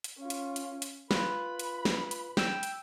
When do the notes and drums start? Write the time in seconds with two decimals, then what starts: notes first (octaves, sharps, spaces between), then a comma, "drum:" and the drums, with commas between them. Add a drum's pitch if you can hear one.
0.04 drum: hi-hat
0.18 C#4 F4
0.30 drum: hi-hat
0.56 drum: hi-hat
0.82 drum: hi-hat
1.11 F4 B4 B5, drum: snare
1.59 drum: hi-hat
1.85 drum: snare
2.11 drum: hi-hat
2.37 G5 E6, drum: snare
2.63 drum: hi-hat